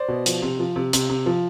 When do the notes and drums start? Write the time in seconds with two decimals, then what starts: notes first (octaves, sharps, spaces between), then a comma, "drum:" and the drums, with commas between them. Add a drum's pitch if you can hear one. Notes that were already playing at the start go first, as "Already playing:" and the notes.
Already playing: C5 D5
0.08 B2
0.26 F3, drum: hi-hat
0.42 C3
0.59 F3
0.76 C3
0.93 C3, drum: hi-hat
1.10 C3
1.26 F3